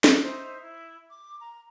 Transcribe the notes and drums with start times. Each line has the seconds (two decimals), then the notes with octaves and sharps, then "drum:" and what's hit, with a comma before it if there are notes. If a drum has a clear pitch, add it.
0.04 drum: snare
0.23 D#4 C5 E5
0.62 E4
1.07 D6
1.39 A#5